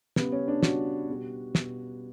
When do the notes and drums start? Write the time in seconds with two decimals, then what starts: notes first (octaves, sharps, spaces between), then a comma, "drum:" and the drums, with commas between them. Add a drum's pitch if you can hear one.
0.16 C#3 G3 B3, drum: snare
0.32 C#4
0.48 D4
0.63 C#3 G3 F#4, drum: snare
1.09 B2 G3
1.55 B2 G3, drum: snare